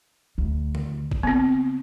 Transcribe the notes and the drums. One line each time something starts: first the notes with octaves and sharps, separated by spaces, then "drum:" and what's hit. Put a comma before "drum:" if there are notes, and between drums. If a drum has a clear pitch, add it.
D2
drum: tom D3
drum: kick G#1
C#3 B3 C4